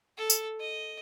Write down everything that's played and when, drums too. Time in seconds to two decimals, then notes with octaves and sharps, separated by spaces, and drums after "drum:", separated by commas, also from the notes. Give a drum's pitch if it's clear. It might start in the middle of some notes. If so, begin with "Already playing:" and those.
0.18 A4
0.30 drum: tambourine
0.60 D#5